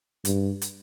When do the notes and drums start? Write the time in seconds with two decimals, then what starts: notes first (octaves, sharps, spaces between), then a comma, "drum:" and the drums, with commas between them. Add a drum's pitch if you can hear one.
0.25 G2, drum: hi-hat
0.62 drum: hi-hat